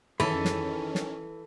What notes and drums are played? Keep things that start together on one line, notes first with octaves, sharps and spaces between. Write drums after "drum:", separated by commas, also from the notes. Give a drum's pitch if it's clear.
D#3 E3 C#4 G#4 A4 B5, drum: tom
drum: snare
drum: snare